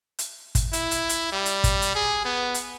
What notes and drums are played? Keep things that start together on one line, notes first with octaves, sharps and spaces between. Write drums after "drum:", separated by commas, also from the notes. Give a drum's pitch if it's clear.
drum: hi-hat
drum: kick, hi-hat
E4, drum: hi-hat
drum: hi-hat
drum: hi-hat
G3
drum: hi-hat
drum: kick, hi-hat
drum: hi-hat
G#4
B3
drum: hi-hat